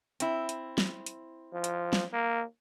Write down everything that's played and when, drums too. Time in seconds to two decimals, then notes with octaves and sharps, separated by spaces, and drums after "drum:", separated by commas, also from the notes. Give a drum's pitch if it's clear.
0.20 C4 E4, drum: hi-hat
0.49 drum: hi-hat
0.78 drum: snare
1.06 drum: hi-hat
1.53 F3
1.64 drum: hi-hat
1.93 drum: snare
2.13 A#3